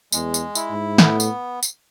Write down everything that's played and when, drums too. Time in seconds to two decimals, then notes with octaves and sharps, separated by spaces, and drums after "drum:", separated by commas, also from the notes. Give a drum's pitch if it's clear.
0.12 E2 G#3, drum: tambourine
0.34 drum: tambourine
0.55 E4, drum: tambourine
0.70 G#2
0.98 A2 B3, drum: snare
1.20 drum: tambourine
1.63 drum: tambourine